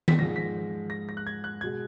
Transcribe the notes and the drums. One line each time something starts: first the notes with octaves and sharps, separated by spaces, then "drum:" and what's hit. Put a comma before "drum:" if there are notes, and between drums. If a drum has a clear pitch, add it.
B6, drum: tom D#3
G#2 F3 G#3 A#6
B6
A#6
A#6
F#6
G#6
F#6
B2 G#3 G#6